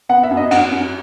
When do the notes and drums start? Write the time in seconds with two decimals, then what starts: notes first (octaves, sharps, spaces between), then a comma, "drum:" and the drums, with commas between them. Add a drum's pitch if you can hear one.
0.09 B3 F#5
0.23 E5
0.31 F#2
0.37 D#5
0.51 F#2 F#5, drum: cymbal
0.72 F#2